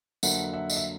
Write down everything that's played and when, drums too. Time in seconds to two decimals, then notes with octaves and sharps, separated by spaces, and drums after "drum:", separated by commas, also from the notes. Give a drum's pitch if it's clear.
0.23 F2 D3 F#3 A#3 E5 F#5, drum: tambourine
0.53 E5 F#5
0.70 D#5, drum: tambourine
0.77 E5